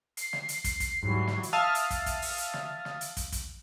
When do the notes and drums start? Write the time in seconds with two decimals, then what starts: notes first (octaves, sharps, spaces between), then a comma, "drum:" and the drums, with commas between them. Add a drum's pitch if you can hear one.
0.17 C7, drum: hi-hat
0.33 drum: snare
0.49 drum: hi-hat
0.64 drum: kick, hi-hat
0.80 drum: kick, hi-hat
1.03 G#2 E3 F#3 G3
1.27 drum: snare
1.43 drum: hi-hat
1.53 E5 F5 A5 D#6 F6
1.75 drum: hi-hat
1.90 drum: kick, hi-hat
2.06 drum: kick, hi-hat
2.22 drum: open hi-hat
2.38 drum: hi-hat
2.54 drum: snare
2.85 drum: snare
3.01 drum: hi-hat
3.17 drum: kick, hi-hat
3.32 drum: kick, hi-hat